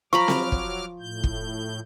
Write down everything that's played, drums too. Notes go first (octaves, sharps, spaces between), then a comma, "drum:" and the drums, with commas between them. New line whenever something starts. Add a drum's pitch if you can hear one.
F3 F#3 A#5 B5 C#6 D6 F6
drum: snare C4
drum: kick
A2 G6
drum: kick